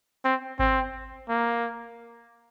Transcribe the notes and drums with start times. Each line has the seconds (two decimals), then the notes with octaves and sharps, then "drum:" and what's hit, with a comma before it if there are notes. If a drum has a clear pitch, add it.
0.25 C4
0.59 C4, drum: kick G#1
1.29 A#3